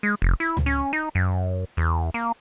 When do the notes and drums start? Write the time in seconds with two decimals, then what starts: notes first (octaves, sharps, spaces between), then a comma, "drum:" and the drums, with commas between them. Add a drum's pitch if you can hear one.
0.03 G#3
0.22 F1
0.40 E4
0.57 drum: tom C#2
0.66 C#4
0.93 D#4
1.15 F#2
1.77 E2
2.14 A#3